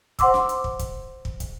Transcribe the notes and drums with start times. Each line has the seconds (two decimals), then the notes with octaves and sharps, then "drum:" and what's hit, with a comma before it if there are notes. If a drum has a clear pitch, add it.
0.19 C5 F#5 C6 D6 E6, drum: kick, hi-hat
0.34 drum: snare
0.49 drum: hi-hat
0.64 drum: kick
0.79 drum: kick, hi-hat
1.25 drum: kick
1.40 drum: kick, hi-hat